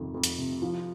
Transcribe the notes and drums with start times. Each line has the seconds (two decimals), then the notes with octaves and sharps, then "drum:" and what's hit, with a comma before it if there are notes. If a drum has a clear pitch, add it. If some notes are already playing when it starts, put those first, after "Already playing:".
Already playing: F2 C3 D#3
0.14 F2
0.24 drum: hi-hat
0.38 C3
0.62 F3